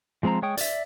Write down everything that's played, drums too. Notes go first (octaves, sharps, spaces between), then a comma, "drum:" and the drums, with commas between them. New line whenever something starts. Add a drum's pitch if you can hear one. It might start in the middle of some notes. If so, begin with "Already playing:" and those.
F3 G#3 C4 C5 A#5
G#3 C#5 G5 D#6
D5 E5, drum: hi-hat